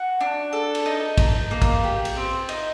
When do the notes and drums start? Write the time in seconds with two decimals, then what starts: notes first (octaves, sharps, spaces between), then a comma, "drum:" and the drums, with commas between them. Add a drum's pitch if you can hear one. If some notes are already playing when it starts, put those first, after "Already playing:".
Already playing: F#4
0.21 D4
0.53 A4
0.75 drum: cymbal
0.86 D#4
1.18 D#4, drum: kick, cymbal
1.51 A#3
1.62 drum: kick, cymbal
1.84 G4
2.05 drum: cymbal
2.16 C4
2.49 D#4, drum: cymbal